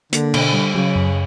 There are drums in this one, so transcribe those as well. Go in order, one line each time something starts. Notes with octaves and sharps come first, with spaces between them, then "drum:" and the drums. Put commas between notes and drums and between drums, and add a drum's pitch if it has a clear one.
D3 A#3, drum: hi-hat
B2, drum: cymbal
G3
C#3 F#3
F#2